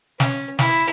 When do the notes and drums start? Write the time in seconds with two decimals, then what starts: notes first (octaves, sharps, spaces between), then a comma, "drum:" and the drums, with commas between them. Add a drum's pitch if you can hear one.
0.20 C#4, drum: snare
0.59 E4, drum: snare